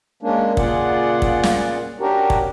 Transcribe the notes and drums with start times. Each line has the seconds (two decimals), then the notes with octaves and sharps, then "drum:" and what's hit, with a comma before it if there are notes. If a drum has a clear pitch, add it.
0.23 G#3 A#3 C#4 D4
0.57 A#2 C#3 F4 G#4 D5 F#5, drum: kick
1.22 drum: kick
1.43 drum: snare
2.00 C#4 D4 F#4 G4 A#4
2.30 drum: kick